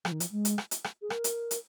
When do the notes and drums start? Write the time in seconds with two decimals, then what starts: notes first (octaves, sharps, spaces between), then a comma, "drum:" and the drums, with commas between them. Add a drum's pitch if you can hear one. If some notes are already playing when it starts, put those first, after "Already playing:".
0.05 F3, drum: rim click
0.12 D#3
0.20 F3, drum: hi-hat
0.31 G#3
0.45 drum: hi-hat
0.58 drum: rim click
0.71 drum: hi-hat
0.84 drum: rim click
1.02 G#4
1.10 A#4, drum: rim click
1.24 drum: hi-hat
1.51 drum: hi-hat